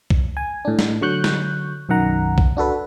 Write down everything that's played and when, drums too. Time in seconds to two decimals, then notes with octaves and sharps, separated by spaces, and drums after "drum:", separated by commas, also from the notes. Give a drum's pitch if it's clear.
0.10 drum: kick B1
0.37 G#5
0.65 A2 D4
0.79 drum: snare
1.01 D3 F#3 C#6 F#6 G6
1.24 drum: snare
1.89 B1 F#2 D#3 F#5 A#5
2.38 drum: kick B1
2.57 D4 F#4 A4 B4